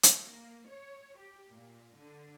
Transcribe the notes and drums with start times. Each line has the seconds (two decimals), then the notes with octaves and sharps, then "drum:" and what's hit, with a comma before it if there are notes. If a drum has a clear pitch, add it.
0.03 drum: hi-hat
0.16 A#3
0.68 C#5
1.18 G4
1.50 A#2
1.97 D3